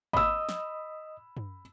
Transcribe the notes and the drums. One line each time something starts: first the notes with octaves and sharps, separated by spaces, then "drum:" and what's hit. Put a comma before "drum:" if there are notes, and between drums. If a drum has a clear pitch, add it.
D#5 B5 D#6 E6, drum: kick G#1
drum: snare
drum: tom F#2